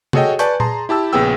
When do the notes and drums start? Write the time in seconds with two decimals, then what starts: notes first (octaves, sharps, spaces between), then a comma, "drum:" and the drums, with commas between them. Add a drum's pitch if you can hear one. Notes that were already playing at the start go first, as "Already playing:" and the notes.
0.13 F#4 G#4 A4 C#5 D#5 G5, drum: tom
0.39 B4 D5 G#5 A5 C#6 G6, drum: hi-hat
0.60 G#4 A5 A#5 C6, drum: tom A#2
0.89 E4 G4 A5 E6
1.13 A#1 C#3 B3 G#4 G5 E6